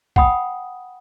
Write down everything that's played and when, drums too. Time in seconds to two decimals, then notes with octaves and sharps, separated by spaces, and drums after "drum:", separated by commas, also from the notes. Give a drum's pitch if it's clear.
0.16 F#5 G5 B5 D#6, drum: kick B1